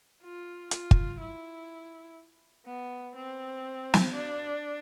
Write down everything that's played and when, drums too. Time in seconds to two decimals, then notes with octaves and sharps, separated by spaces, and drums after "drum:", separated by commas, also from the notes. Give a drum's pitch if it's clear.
0.23 F4
0.71 F4, drum: hi-hat
0.91 drum: kick
1.20 E4
2.66 B3
3.15 C4
3.94 drum: snare
4.13 D4